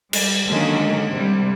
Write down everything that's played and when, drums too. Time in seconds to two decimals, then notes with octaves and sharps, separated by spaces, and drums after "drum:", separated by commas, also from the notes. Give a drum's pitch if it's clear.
0.13 G3, drum: cymbal
0.47 D3 D#3 F#3 G#3 A#3 C#4
1.11 C3 G3